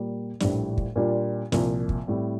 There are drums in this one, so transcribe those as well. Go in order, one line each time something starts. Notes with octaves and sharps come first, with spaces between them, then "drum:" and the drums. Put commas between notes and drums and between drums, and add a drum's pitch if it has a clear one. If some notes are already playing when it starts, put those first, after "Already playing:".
Already playing: A#2 G3 A#3
A#1 A2 G3 D4, drum: snare
drum: kick
A#2 G3 D4 F4
C2 A#2 F3, drum: snare
drum: kick
A2 G3 C4